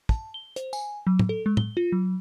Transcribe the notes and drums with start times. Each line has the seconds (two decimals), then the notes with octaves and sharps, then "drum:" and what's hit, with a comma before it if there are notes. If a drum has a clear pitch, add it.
0.09 A5, drum: kick
0.34 G7
0.56 C5, drum: hi-hat
0.73 G#5, drum: tambourine
1.07 F#3
1.19 drum: tom
1.29 A4
1.46 G#3
1.57 G7, drum: tom
1.77 F4
1.92 F#3